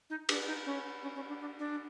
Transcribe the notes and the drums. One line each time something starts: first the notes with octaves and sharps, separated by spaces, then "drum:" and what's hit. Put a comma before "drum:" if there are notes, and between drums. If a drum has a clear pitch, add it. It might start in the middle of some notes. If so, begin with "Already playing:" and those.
D#4
D4, drum: cymbal
D#4
C#4
C#4
C#4
D4
D4
D4